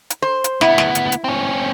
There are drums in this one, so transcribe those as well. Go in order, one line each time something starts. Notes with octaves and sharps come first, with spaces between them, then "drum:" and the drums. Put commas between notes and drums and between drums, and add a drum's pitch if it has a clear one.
drum: hi-hat
C5
drum: hi-hat
D2 B3 E4, drum: snare
drum: snare
drum: hi-hat
drum: hi-hat
C4 C#4